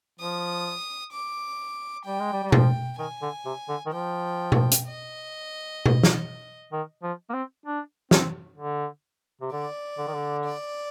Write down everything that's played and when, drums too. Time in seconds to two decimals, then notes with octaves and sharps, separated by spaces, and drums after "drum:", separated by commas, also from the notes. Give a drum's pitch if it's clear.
0.19 F3 D#6
1.13 D6
2.06 G3 G5
2.20 G#3
2.33 G3
2.43 G3
2.52 F3 G5, drum: tom B2
2.99 D#3 G#5
3.22 D3
3.45 C3
3.68 D3
3.86 D#3
3.92 F3 G5
4.52 drum: tom B2
4.71 drum: hi-hat
4.86 D#5
5.86 drum: tom B2
6.03 drum: snare
6.72 D#3
7.03 F3
7.30 A#3
7.34 C4
7.66 D4
8.11 C4, drum: snare
8.58 D3
9.41 C3
9.52 D3 D5
9.98 D3
10.07 D#3
10.15 D3
10.44 D5